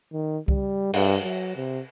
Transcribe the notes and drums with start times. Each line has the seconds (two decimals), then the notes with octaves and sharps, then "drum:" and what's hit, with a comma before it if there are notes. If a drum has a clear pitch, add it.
0.13 D#3
0.48 G3, drum: kick C2
0.94 G2, drum: cymbal
1.24 F#3
1.56 C3